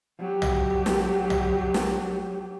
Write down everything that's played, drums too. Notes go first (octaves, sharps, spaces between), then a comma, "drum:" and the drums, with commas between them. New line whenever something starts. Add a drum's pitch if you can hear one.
F#3 G4
drum: tom
drum: snare
drum: tom
drum: snare